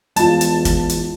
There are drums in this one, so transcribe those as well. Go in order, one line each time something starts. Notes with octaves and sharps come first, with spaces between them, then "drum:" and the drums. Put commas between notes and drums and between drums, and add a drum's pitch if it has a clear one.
E2 G#3 F4 A5, drum: hi-hat
drum: hi-hat
drum: kick, hi-hat
drum: hi-hat